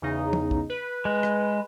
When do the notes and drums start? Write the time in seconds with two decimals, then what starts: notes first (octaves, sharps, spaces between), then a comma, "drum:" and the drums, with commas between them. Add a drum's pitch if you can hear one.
0.02 E2 C#3 D#4
0.33 drum: tom
0.51 drum: kick
0.70 B4
1.05 G#3
1.23 drum: rim click